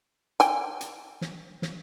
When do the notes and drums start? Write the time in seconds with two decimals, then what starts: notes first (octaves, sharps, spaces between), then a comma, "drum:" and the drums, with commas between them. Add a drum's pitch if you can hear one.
0.40 G5 G#5, drum: hi-hat
0.81 drum: hi-hat
1.21 drum: snare
1.62 drum: snare